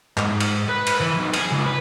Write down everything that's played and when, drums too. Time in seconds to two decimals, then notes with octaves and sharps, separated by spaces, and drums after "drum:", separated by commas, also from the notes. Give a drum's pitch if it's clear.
0.17 G#2, drum: clap
0.40 drum: cymbal
0.69 B4
0.87 drum: cymbal
1.01 E3
1.17 B1
1.34 G#4, drum: cymbal
1.52 C#2
1.66 B4